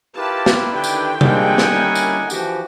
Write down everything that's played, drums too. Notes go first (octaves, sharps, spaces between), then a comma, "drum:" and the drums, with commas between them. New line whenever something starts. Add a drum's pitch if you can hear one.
E4 F4 G4 A#4 B4 A5
drum: snare
D3 D#3 B3 D4 G4 G5
drum: tambourine
F3 G3 G#3 A#3 C4 D#5 F#5 G#5, drum: tom C3
drum: snare
C#4 E4 A#4
drum: tambourine
E3 F3 F#4 G4, drum: tambourine